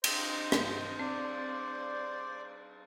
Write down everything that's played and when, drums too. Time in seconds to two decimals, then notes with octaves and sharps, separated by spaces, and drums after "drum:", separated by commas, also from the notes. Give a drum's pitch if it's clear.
0.04 C5 D#5, drum: cymbal
0.52 drum: rim click
0.99 C4 D5